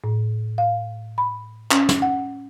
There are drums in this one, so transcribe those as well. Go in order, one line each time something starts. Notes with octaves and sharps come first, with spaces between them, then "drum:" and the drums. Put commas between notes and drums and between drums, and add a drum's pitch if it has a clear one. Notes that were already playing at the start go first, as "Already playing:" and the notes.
A2
F5
B5
C#4, drum: clap
drum: snare
F#5